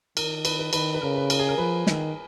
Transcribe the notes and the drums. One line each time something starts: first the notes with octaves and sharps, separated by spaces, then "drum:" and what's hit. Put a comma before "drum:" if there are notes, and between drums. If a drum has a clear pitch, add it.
D#3 A#4, drum: cymbal
B4, drum: cymbal
B4
D#3 B4, drum: cymbal
B4
C#3 A#4
B4
A#4, drum: cymbal
G#4
A#4
F3 B4
D#3, drum: snare